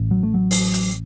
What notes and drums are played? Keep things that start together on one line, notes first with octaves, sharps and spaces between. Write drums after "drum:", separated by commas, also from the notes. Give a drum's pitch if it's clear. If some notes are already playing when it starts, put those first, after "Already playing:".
Already playing: A1 A2
F#3
A3
F#3
drum: open hi-hat
drum: hi-hat